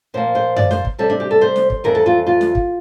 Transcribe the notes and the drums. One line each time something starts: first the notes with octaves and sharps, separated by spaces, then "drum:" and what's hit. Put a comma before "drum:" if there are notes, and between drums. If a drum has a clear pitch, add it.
A#2 F3 A#3 C5
C5
D5, drum: tom F#2
C5, drum: snare
drum: kick
C3 G3 C4 A4
D4
G4
A4
C5
drum: snare
drum: kick
F2 E3 G3 A#4
A4
F4
F4
drum: snare
drum: kick